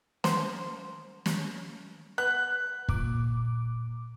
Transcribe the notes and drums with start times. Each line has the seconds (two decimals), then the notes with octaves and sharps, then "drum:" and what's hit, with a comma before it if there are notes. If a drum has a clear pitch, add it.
0.24 C5, drum: snare
1.26 drum: snare
2.18 B3 F#6
2.89 A#2 D6, drum: kick